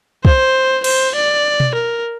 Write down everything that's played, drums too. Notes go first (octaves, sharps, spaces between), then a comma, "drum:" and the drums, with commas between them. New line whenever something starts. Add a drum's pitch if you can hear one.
C5, drum: kick
C5, drum: cymbal
D5
drum: tom B2
A#4